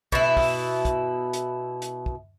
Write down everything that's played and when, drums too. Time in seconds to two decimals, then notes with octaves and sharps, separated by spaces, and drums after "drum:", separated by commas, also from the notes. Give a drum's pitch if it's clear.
0.12 B2 E4, drum: kick
0.37 drum: kick, open hi-hat
0.85 drum: kick, hi-hat
1.33 drum: hi-hat
1.82 drum: hi-hat
2.06 drum: kick